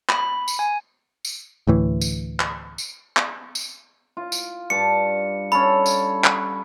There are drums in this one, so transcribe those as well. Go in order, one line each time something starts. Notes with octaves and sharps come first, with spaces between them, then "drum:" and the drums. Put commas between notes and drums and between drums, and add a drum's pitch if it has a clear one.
B5, drum: clap
drum: tambourine
G#5
drum: tambourine
D2 A2 E3
drum: tambourine
drum: clap
drum: tambourine
drum: clap
drum: tambourine
F4
drum: tambourine
G2 A5 C#7
C#4 A4 B5
drum: tambourine
drum: clap